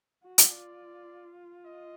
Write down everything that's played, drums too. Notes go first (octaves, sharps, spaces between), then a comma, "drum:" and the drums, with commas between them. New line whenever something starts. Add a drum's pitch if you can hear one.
F#4
drum: hi-hat
F4 D5
D#5